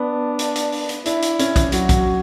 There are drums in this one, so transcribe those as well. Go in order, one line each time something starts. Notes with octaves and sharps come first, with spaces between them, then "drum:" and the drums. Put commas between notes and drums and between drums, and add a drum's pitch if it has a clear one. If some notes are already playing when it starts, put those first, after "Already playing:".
Already playing: B3 D4
drum: hi-hat
drum: hi-hat
drum: open hi-hat
drum: hi-hat
D4 E4, drum: hi-hat
drum: hi-hat
C#4, drum: hi-hat
drum: kick, hi-hat
F#3 F#4, drum: hi-hat
drum: kick, hi-hat